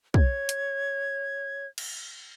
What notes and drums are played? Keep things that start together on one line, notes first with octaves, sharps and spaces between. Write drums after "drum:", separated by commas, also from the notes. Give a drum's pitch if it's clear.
C#5 G#6, drum: kick
drum: hi-hat
drum: cymbal